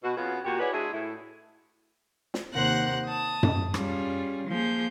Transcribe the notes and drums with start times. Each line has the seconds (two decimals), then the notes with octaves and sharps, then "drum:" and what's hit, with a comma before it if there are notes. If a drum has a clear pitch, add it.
0.03 B2 F#4
0.17 F2 B3 C#4 F4 F#4 G#4
0.44 A#2 F#4 G4
0.60 E4 F#4 G#4 B4 C#5 D5
0.73 G#3 D4 E4 F#4 G#4
0.92 A2 E4
2.34 drum: snare
2.54 D#2 C3 A#4 C5 F#5 F#6
3.06 A5 D#6
3.43 drum: tom F#2
3.74 G3 C#4 F4 G#4, drum: rim click
4.48 F3 A#3 G#4 G6